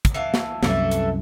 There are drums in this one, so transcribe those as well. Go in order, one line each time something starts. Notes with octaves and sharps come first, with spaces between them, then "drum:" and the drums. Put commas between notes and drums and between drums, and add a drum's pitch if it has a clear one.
drum: kick, hi-hat
E3 F5 A5
drum: snare
C2 F#2 E3 A3 E4, drum: snare
drum: hi-hat